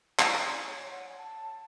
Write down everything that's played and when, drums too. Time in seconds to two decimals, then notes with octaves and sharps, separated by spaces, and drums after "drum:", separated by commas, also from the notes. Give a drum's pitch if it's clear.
0.19 E4, drum: clap
0.35 D5
0.51 G#5
0.67 C#5
0.91 F#5
1.18 A5